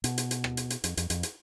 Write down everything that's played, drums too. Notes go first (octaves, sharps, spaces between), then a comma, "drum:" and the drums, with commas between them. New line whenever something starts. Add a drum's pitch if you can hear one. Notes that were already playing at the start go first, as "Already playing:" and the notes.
B2, drum: hi-hat
drum: hi-hat
drum: hi-hat
drum: rim click
drum: hi-hat
drum: hi-hat
F2, drum: hi-hat
F2, drum: hi-hat
F2, drum: hi-hat
drum: hi-hat